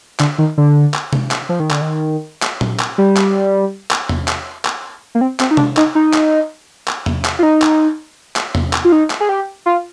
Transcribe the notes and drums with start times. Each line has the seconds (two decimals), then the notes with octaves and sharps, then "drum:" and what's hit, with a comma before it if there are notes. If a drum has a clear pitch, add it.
0.20 D3, drum: clap
0.38 D#3
0.58 D3
0.94 drum: clap
1.13 drum: tom C3
1.31 drum: clap
1.49 F3
1.60 D#3
1.71 D3, drum: clap
1.81 D#3
2.42 drum: clap
2.61 drum: tom A#2
2.80 drum: clap
2.98 G3
3.17 drum: clap
3.91 drum: clap
4.09 drum: tom
4.28 drum: clap
4.65 drum: clap
5.15 A#3
5.21 C4
5.40 C4, drum: clap
5.51 D#4
5.57 D4, drum: tom C3
5.77 D#4, drum: clap
5.95 D#4
6.13 drum: clap
6.88 drum: clap
7.06 drum: tom
7.25 drum: clap
7.39 F4
7.43 D#4
7.62 drum: clap
8.36 drum: clap
8.55 drum: tom
8.73 drum: clap
8.85 F4
8.92 D#4
9.10 drum: clap
9.20 G#4
9.29 G4
9.66 F4